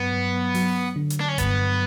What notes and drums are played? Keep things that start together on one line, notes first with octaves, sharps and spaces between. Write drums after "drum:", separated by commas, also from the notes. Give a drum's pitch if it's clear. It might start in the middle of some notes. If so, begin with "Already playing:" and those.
Already playing: G2 F#3 B3
G2
F#3, drum: open hi-hat
D3
drum: hi-hat
D4
C#4
G2 B3, drum: kick F1, hi-hat